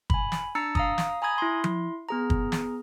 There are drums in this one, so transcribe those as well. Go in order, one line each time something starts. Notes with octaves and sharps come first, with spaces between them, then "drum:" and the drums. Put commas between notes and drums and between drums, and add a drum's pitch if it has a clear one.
G#5 B5, drum: kick
drum: snare
D4 A#5 E6 A6 C#7
F5 A#5 D#6, drum: kick
drum: snare
G#5 A#5 B5 D#6 G#6
E4 C6
drum: tom F3
B3 G#4 A#5
drum: kick
drum: snare